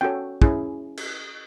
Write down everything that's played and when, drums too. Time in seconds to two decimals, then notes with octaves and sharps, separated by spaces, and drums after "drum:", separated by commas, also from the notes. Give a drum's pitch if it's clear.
0.01 C#4 F#4 A4 C#5 G5
0.42 C#4 E4 G#4, drum: kick
0.97 drum: cymbal